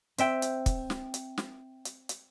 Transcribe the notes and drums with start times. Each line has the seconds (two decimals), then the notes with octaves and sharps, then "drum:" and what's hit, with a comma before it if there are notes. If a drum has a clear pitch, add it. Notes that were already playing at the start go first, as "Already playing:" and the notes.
0.18 C4 E5 G5, drum: hi-hat
0.42 drum: hi-hat
0.66 drum: kick, hi-hat
0.90 drum: snare
1.14 drum: hi-hat
1.38 drum: snare
1.85 drum: hi-hat
2.09 drum: hi-hat